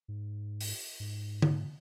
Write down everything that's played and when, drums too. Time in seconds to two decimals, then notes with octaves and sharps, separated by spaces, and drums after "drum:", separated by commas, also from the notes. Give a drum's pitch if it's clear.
0.08 G#2
0.61 drum: open hi-hat
1.00 G#2
1.42 drum: tom D3